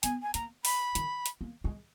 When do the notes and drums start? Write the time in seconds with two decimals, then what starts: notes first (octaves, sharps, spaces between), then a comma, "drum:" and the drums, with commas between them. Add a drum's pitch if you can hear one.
0.03 B3 G#5, drum: hi-hat
0.22 G#5
0.34 A#3 A#5, drum: hi-hat
0.65 B5, drum: open hi-hat
0.95 D#3, drum: hi-hat
1.26 drum: hi-hat
1.41 A#3
1.64 G#3